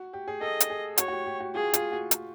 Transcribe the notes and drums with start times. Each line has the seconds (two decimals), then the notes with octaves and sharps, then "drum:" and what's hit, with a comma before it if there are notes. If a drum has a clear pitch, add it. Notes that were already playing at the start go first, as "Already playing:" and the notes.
Already playing: F#4
0.13 G4
0.28 G#4
0.41 A4 D#5
0.60 drum: hi-hat
0.70 G#4
0.98 F#4 C#5, drum: hi-hat
1.08 F#4
1.12 G4
1.26 G4
1.40 F#4
1.54 F4 G#4
1.73 F4, drum: hi-hat
1.92 F#4
2.11 drum: hi-hat